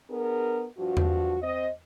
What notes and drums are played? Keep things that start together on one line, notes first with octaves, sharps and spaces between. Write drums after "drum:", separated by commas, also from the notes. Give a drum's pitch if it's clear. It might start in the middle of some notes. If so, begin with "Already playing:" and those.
B3 D4 G#4 A#4
G2 F3 F#4
drum: tom E2
C4 C5 D#5